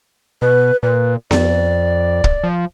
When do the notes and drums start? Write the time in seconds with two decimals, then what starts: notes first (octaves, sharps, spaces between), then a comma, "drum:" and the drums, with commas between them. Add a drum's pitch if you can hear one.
0.42 B2 B4
0.83 A#2 B4
1.31 F2 D5, drum: snare B3
2.24 drum: kick
2.44 F3